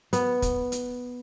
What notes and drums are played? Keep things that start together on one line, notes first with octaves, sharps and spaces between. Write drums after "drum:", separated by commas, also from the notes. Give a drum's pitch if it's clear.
B3, drum: hi-hat
drum: kick, hi-hat
drum: hi-hat